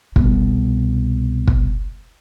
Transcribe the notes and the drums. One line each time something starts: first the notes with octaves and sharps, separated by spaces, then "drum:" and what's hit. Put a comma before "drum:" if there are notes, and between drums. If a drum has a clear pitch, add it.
C2 B2, drum: kick
drum: kick